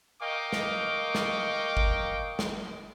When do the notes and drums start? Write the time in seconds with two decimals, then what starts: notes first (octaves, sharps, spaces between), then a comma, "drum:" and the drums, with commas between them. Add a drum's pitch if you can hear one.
0.21 A#4 D#5 F5 G5 C#6 D6
0.53 drum: snare
1.15 drum: snare
1.77 drum: kick G#1
2.39 drum: snare